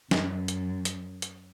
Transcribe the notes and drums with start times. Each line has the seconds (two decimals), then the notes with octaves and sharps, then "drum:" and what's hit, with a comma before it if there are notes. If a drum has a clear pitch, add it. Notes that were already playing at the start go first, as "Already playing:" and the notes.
0.11 F#2, drum: snare
0.48 drum: hi-hat
0.85 drum: hi-hat
1.22 drum: hi-hat